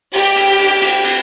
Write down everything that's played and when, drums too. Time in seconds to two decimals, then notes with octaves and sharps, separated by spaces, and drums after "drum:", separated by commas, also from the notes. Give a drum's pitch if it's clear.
0.13 G4, drum: cymbal
0.36 drum: cymbal
0.59 drum: cymbal
0.82 drum: cymbal
1.04 drum: cymbal